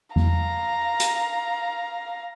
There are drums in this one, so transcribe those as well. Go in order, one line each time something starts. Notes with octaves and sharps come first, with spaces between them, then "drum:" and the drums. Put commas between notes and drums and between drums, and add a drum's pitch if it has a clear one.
F5 A#5, drum: tom E2
drum: hi-hat